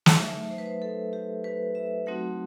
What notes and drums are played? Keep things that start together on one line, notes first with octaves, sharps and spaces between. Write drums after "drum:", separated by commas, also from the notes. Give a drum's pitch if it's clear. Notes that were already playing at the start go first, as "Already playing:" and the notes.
drum: snare
F#3 A3 D#4 E5
C5
B4
C5
A4
G4
B4
E5
F#3 A3 C4 D#4 F#4 F#5